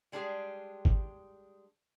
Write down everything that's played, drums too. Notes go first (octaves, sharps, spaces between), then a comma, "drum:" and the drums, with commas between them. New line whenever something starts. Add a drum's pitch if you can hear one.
G3 G#3 D4 G4 G#4
drum: kick G#1